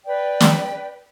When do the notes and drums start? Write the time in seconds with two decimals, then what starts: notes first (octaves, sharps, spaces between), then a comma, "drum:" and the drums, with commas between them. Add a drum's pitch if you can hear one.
0.05 B4 D5 G5
0.40 drum: snare